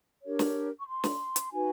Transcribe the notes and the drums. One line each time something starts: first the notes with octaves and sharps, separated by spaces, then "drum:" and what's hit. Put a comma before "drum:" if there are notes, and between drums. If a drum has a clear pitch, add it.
D4 G4 A#4 C#5
drum: snare
C#6
C6
drum: snare
drum: hi-hat
D#4 F#4 B4 G#5